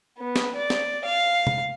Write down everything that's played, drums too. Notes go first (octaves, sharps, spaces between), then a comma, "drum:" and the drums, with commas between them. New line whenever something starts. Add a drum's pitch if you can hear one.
B3
drum: snare
D5
drum: snare
F5
drum: tom C3